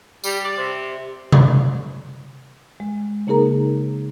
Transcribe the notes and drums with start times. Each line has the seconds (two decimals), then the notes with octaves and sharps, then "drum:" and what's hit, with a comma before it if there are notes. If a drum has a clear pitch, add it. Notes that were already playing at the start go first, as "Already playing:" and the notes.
0.24 G3, drum: tambourine
0.44 D5
0.57 C3
1.32 drum: tom C3
2.80 G#3
3.27 C#3 A#3 D#4 G#4 A#4 A#5